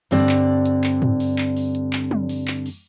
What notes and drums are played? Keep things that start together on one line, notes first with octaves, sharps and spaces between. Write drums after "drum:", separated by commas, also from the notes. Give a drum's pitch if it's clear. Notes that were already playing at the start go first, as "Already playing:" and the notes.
G2 D3 C4 D5, drum: open hi-hat
drum: clap
drum: hi-hat
drum: clap
drum: tom
drum: open hi-hat
drum: clap
drum: open hi-hat
drum: hi-hat
drum: clap
drum: tom
drum: open hi-hat
drum: clap
drum: open hi-hat